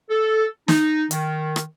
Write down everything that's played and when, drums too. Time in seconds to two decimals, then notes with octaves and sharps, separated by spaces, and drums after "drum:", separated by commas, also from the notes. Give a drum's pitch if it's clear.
0.10 A4
0.68 D#4, drum: snare
1.11 D#3, drum: hi-hat
1.56 drum: rim click